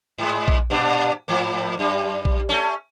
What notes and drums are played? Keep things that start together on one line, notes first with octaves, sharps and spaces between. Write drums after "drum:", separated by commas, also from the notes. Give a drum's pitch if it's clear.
G#2 G#3
drum: kick A#1
G2 A#2 D4
G#2 F3 A#3
F#2 G3
drum: kick A#1
A3 C#4